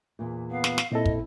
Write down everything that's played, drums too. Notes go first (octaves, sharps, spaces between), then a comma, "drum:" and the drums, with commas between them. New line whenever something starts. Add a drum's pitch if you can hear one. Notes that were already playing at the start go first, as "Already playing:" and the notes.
E2 A#2
B3 F5
drum: snare
drum: snare
A#2 C4 E4 A4 D#5
drum: kick